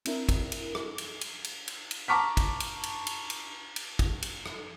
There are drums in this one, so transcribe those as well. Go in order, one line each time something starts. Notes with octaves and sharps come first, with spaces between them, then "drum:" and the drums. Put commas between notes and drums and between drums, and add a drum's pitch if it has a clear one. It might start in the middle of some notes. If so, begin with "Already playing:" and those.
C4 D4 E4 A#4, drum: cymbal
drum: kick, cymbal
drum: cymbal
drum: rim click
drum: cymbal
drum: cymbal
drum: cymbal
drum: cymbal
drum: cymbal
A5 A#5 C#6 D6 F6 B6
drum: kick, cymbal
drum: cymbal
drum: cymbal
drum: cymbal
drum: cymbal
drum: cymbal
drum: kick, cymbal
drum: cymbal
drum: rim click